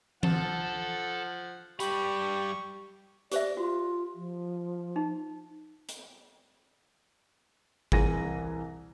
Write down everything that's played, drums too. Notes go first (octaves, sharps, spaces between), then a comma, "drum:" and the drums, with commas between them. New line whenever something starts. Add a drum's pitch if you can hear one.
F3 A4 F#5, drum: tom E3
G2 G4 B5 C#6, drum: hi-hat
G4 C5 D5 E5, drum: hi-hat
F4 F#4
F3
D#4
drum: hi-hat
C2 E3 G#4 G#5 A#6 D#7, drum: kick